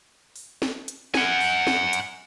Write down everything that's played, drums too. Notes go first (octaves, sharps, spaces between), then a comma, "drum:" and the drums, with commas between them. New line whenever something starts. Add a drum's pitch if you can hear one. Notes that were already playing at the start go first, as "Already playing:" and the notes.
drum: open hi-hat
drum: snare
drum: hi-hat
F#5 G#5, drum: snare
drum: open hi-hat
drum: snare
drum: hi-hat